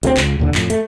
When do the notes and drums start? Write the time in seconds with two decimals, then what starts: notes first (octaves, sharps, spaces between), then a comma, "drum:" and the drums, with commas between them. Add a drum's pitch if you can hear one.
0.03 D2 G#3 C4, drum: hi-hat
0.17 C#2, drum: clap
0.39 D#2 A#2 D3
0.55 F2 A2, drum: clap
0.70 A3, drum: hi-hat